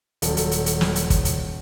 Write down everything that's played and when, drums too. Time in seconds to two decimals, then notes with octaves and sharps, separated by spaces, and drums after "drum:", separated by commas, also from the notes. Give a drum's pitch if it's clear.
0.22 D#1 F#3 A4, drum: hi-hat
0.37 drum: hi-hat
0.51 drum: hi-hat
0.66 drum: hi-hat
0.81 drum: snare
0.96 drum: hi-hat
1.10 drum: kick, hi-hat
1.25 drum: hi-hat